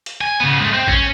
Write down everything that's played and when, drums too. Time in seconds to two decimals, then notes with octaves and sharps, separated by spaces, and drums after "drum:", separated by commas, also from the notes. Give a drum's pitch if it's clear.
0.06 drum: hi-hat
0.21 G#5
0.40 C#3 B3
0.60 G#3 A3
0.73 C4
0.88 C#4, drum: kick G#1